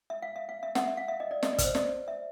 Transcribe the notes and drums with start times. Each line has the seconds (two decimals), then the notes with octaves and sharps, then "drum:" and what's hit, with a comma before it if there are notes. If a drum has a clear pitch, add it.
0.10 E5
0.22 F5
0.36 E5
0.49 F5
0.63 E5
0.75 F#5, drum: snare
0.87 E5
0.97 F5
1.08 E5
1.20 D#5
1.31 D5
1.43 D#5, drum: snare
1.53 D5
1.58 B4, drum: kick, hi-hat
1.64 C5
1.75 D5, drum: snare
2.08 E5